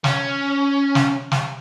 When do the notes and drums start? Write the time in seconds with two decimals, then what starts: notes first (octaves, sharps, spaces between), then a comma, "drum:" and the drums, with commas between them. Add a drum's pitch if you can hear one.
0.04 C#4, drum: snare
0.95 drum: snare
1.32 drum: snare